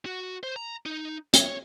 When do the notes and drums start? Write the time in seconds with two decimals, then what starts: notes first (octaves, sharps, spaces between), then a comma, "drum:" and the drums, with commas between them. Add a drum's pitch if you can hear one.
0.06 F#4
0.43 C5
0.56 A#5
0.86 D#4
1.34 C#5, drum: hi-hat